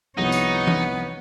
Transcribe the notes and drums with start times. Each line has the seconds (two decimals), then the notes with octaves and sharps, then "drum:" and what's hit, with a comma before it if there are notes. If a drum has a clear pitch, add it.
0.17 C2 F3 B3 D#4 C#5 F#5
0.32 drum: tambourine
0.67 drum: tom E3